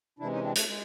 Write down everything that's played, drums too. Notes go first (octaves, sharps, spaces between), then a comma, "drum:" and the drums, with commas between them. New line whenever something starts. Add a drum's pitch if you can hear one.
C3 E3 G#3 D4 E4
C#4 D#4
C4 D4
A3, drum: hi-hat
G#3